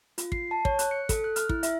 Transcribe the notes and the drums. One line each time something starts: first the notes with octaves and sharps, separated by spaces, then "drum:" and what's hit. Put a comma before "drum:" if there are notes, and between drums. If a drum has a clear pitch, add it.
F4, drum: hi-hat
C7, drum: kick
A5
C#5, drum: kick
F#6, drum: hi-hat
C#7
A4, drum: kick, hi-hat
F#6
F6, drum: hi-hat
E4, drum: kick
E5, drum: hi-hat